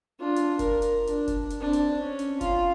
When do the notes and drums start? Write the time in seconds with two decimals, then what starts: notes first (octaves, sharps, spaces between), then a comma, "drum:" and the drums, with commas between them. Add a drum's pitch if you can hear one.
0.19 D4 F4
0.36 drum: hi-hat
0.59 A#4, drum: kick, hi-hat
0.82 drum: hi-hat
1.07 D4, drum: hi-hat
1.28 drum: kick, hi-hat
1.50 drum: hi-hat
1.60 C4 D4
1.73 drum: hi-hat
1.99 C#4
2.19 drum: hi-hat
2.41 F4 F5, drum: kick, hi-hat